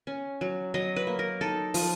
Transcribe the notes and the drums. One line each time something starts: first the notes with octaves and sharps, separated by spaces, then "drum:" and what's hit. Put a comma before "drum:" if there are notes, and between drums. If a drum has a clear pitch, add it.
C#4
F#3
F#3 D#5
B4
A#3
A#4
D#4 A4
F3, drum: open hi-hat